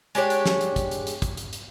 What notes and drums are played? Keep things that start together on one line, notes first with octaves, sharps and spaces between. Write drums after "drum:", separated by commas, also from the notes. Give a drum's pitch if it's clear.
G#3 D4 G4 C#5, drum: hi-hat
drum: hi-hat
drum: snare
drum: hi-hat
drum: kick, hi-hat
drum: hi-hat
drum: hi-hat
drum: kick, hi-hat
drum: hi-hat
drum: hi-hat